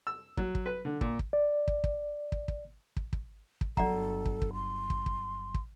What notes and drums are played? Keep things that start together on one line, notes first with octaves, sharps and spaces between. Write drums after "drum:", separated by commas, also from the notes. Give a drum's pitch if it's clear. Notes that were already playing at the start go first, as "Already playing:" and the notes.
E6
F#3, drum: kick
drum: kick
B4
D3
A#2, drum: kick
drum: kick
D5
drum: kick
drum: kick
drum: kick
drum: kick
drum: kick
drum: kick
drum: kick
G1 F#3 A4 D5 F#5 A#5, drum: kick
drum: kick
drum: kick
C6
drum: kick
drum: kick
drum: kick